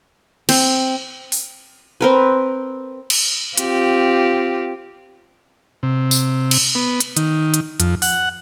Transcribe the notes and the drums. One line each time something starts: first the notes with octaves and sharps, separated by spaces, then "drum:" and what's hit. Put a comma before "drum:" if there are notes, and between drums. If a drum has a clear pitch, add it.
C4, drum: cymbal
drum: open hi-hat
C4 A#4 B4
drum: cymbal
C4 F4 G4, drum: hi-hat
C3
drum: tambourine
drum: cymbal
B3
drum: hi-hat
D#3, drum: hi-hat
drum: hi-hat
F2, drum: hi-hat
F#5, drum: open hi-hat